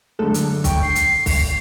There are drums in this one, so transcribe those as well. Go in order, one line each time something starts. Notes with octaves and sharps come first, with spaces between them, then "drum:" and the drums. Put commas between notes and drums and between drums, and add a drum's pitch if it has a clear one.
F#2 D3 G#3 A3 A4
drum: hi-hat
G5 C#6, drum: kick, hi-hat
C7
drum: hi-hat
drum: kick, open hi-hat